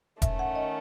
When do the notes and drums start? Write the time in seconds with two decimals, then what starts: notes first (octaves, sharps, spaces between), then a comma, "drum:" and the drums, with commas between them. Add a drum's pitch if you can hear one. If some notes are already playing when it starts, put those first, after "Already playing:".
0.22 D#3 A3 C#4 E5, drum: kick E1, hi-hat
0.39 F#5
0.56 D#5